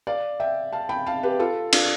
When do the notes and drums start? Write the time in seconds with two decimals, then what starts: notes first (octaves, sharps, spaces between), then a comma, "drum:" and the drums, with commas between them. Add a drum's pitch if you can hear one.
0.07 D5 F5
0.40 E5 G5
0.73 F5 A5
0.89 G5 B5
1.06 F5 A5
1.23 G4 B4
1.39 F4 A4
1.73 D4 F4, drum: cymbal